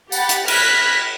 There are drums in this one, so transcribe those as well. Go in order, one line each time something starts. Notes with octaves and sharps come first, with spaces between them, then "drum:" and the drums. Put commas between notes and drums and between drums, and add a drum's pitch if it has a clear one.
G4 F#5 B5 A6, drum: tambourine
drum: hi-hat
B5 F6 F#6 G#6 A#6 B6, drum: cymbal